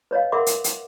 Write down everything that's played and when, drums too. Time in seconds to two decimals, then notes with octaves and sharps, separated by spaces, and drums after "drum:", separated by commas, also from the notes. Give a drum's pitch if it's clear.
0.11 B4 C#5 D#5 F5
0.32 A#4 E5 F#5 C6 D6
0.46 drum: hi-hat
0.64 drum: hi-hat